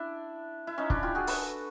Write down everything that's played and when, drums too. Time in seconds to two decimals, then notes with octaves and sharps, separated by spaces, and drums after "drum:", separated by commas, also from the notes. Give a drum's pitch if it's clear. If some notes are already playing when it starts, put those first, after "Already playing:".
Already playing: D4 E4
0.67 E4
0.78 C#4 D#4
0.90 D4 E4, drum: kick
1.03 F4 G4
1.15 F#4 G#4
1.27 A4 B4, drum: open hi-hat